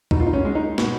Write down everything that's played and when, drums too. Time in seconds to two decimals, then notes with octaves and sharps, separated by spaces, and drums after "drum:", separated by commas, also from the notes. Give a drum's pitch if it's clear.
0.11 B2 D#4, drum: kick C2
0.20 F4
0.27 D#4
0.33 C#4
0.45 G#3
0.55 D#4
0.78 B2, drum: snare